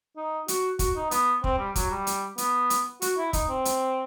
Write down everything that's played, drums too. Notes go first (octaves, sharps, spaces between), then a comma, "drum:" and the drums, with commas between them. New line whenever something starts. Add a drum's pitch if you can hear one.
D#4
F#4, drum: hi-hat
F#4, drum: kick, hi-hat
D#4
B3, drum: hi-hat
C4, drum: kick
G3
F#3, drum: kick, hi-hat
G3
drum: hi-hat
B3, drum: hi-hat
drum: hi-hat
F#4, drum: hi-hat
E4
D#4, drum: kick, hi-hat
C4
drum: hi-hat